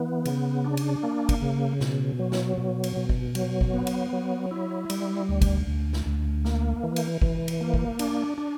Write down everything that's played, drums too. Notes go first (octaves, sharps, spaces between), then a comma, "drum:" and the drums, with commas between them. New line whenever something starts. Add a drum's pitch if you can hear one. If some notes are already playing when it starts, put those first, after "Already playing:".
Already playing: E3 B3
C#3, drum: cymbal
D4
drum: cymbal
A#3
drum: kick, cymbal
C#3
B2, drum: snare
F#3
drum: snare
B2
drum: cymbal
B2
drum: kick
F#3, drum: cymbal
drum: kick
B3
drum: cymbal
F#3
E4
G3, drum: cymbal
D2
drum: kick, cymbal
D2
drum: snare
D2
A#3, drum: snare
E3
drum: cymbal
E3, drum: kick
drum: cymbal
A#3
drum: kick
D4, drum: cymbal
D4